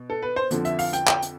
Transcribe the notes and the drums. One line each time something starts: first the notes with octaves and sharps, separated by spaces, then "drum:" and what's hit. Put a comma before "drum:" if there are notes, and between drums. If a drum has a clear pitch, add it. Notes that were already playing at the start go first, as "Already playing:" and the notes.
Already playing: B2
A4
B4
C5
F2 D3 F3, drum: hi-hat
E5, drum: hi-hat
F5, drum: open hi-hat
G5, drum: hi-hat
G5, drum: clap
drum: hi-hat